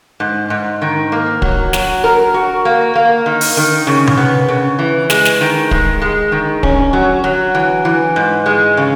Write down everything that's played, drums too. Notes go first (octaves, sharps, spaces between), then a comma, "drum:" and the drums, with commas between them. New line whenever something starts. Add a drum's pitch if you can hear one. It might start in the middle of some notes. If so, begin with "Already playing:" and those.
G#2
G#2
D#3
A#3
F#3, drum: kick
F#3, drum: snare
A#4
F#4
A#3
A#3
D#3
drum: open hi-hat
D#3
C#3
drum: tom C3
B3
C#3
E3
G#3, drum: snare
drum: snare
D#3
G#3, drum: kick
G#3
D#3
C#4, drum: kick
F#3
F#3
E3
E3
G#2
G#3
C#3